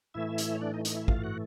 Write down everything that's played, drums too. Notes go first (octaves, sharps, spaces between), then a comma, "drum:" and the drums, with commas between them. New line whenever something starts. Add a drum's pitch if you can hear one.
A2 E3 A3 E4 E5
drum: hi-hat
C#5
D4 D5
D#4 D#5
D#4 D#5, drum: hi-hat
E4 E5
F4 F5, drum: kick
F#4 F#5